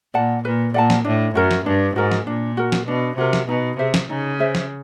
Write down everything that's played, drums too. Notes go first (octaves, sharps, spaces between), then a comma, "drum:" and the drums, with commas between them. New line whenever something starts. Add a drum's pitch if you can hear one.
A#2 D5 F#5 A5
A#2 B4
A#2 D5 F#5 A5
drum: snare
A2 D4
F#2 F#4 A#4
drum: snare
G2 D4
G#2 F#4 A#4
drum: snare
A#2 D4
F#4 A#4
drum: snare
B2 D4
C3 F#4 A#4
drum: snare
B2 D#4
C3 G#4 C5 E5
drum: snare
C#3 D#4
G#4 C5 E5
drum: snare